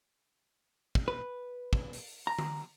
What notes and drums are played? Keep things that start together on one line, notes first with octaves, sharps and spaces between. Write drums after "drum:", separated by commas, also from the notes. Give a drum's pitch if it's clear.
drum: kick
B4
drum: kick
drum: open hi-hat
A#5
drum: tom D3